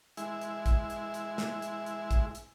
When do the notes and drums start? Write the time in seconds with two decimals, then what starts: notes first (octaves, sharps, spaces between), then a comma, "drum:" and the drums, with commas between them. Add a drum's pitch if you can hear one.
0.17 G#3 E4, drum: hi-hat
0.42 drum: hi-hat
0.66 drum: kick A1, hi-hat
0.90 drum: hi-hat
1.14 drum: hi-hat
1.38 drum: snare
1.62 drum: hi-hat
1.86 drum: hi-hat
2.11 drum: kick A1, hi-hat
2.35 drum: hi-hat